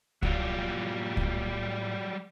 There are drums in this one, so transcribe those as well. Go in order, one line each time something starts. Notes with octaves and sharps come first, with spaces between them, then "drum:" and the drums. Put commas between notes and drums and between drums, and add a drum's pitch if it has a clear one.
A2 F#3 G3 F4 F5, drum: kick C2
drum: kick C2